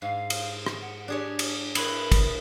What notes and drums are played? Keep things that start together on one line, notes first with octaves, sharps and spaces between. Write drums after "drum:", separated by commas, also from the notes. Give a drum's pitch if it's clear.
G#2 F5
drum: cymbal
drum: rim click
F#5
D4 G4 G#4 C#5
drum: cymbal
E4 A#4 B4 B5, drum: cymbal
drum: kick, cymbal